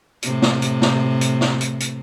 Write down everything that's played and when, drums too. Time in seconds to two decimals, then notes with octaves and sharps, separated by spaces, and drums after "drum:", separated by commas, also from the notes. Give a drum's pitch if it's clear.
0.23 A2 C3, drum: hi-hat
0.42 drum: snare
0.62 drum: hi-hat
0.82 drum: snare
1.21 drum: hi-hat
1.41 drum: snare
1.61 drum: hi-hat
1.80 drum: hi-hat